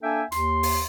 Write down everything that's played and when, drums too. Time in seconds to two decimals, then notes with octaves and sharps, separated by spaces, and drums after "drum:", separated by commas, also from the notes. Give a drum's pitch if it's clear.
0.03 A#3 D4 A4 E5 G5 G#5
0.32 D#2 C6, drum: hi-hat
0.63 drum: open hi-hat